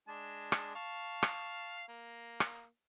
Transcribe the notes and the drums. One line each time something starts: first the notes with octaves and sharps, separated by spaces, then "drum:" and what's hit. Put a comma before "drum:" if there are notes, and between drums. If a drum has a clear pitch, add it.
G#3 D4 A5
drum: rim click
F5 A5 C#6
drum: rim click
A#3
drum: rim click